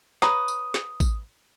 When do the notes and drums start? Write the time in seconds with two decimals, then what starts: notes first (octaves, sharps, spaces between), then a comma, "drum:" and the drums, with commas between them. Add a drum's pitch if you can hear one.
0.22 B4 C#5 A#5 D#6, drum: snare
0.48 drum: tambourine
0.74 drum: snare
1.00 drum: kick A1, tambourine